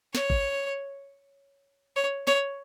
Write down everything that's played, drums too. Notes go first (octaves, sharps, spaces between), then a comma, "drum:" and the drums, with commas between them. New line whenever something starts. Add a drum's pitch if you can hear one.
C#5, drum: snare
drum: kick
C#5
C#5, drum: snare